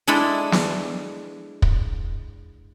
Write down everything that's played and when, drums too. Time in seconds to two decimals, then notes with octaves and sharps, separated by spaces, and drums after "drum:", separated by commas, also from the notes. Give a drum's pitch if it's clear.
0.08 G#3 D4 E4 G#4 A4
0.52 drum: snare
1.62 drum: kick